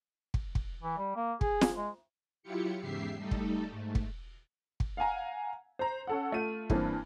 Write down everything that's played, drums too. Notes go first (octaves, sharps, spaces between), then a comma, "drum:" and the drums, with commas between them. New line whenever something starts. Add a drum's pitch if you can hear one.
drum: kick
drum: kick
E3
G3
A#3
G#4, drum: kick
drum: snare
G#3
F#3 E4 F4 G4 C#7
E2 G#2 C#3 G4 E5 C7
G3 A3 D#4 A4
drum: kick
G#2 A3
drum: kick
drum: kick
F5 F#5 G#5 A#5
C5 A#5
C#4 A4 F#5
A3 F4 D#7
G2 E3 A#3 C4 D4, drum: kick